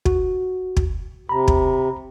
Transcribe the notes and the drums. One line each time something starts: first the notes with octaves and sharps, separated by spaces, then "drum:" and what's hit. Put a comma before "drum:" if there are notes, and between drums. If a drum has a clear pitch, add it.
F#4, drum: kick
drum: kick
C3 A#5 B5
drum: kick